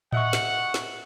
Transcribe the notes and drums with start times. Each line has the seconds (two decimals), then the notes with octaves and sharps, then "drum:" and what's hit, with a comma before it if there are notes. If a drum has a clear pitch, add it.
0.12 D#5 E5 F#5 C#6, drum: tom A2
0.33 drum: snare
0.74 drum: snare